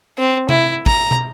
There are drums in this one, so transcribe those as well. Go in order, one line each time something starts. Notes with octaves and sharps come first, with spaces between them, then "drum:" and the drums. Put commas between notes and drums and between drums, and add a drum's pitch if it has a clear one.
C4
E4, drum: tom C3
A#5, drum: kick
drum: tom